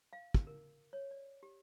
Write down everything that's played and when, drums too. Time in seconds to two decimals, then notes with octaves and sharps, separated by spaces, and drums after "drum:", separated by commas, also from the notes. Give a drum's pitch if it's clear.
0.13 F5
0.34 drum: kick, hi-hat
0.47 A#4
0.93 C#5
1.11 D5
1.43 G4